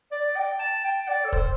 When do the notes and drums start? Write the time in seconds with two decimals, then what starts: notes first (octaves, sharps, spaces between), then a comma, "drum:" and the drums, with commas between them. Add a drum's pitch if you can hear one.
0.12 D5
0.36 G5
0.59 A5
0.84 G5
1.08 D5
1.25 A4
1.33 C5, drum: kick